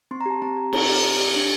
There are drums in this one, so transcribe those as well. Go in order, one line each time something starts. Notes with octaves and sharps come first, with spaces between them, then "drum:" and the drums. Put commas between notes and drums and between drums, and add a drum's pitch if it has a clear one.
C4 C6
A#5
G4 A5
C4 A#5
G4
C4 A#5, drum: cymbal
G4
C4
G4
D4